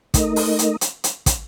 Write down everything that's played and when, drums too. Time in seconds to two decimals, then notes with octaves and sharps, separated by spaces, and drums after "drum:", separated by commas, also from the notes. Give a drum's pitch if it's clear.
0.14 A3 D#4 A#4 D#5, drum: kick, hi-hat
0.36 drum: open hi-hat
0.59 drum: hi-hat
0.81 drum: hi-hat
1.04 drum: hi-hat
1.26 drum: kick, hi-hat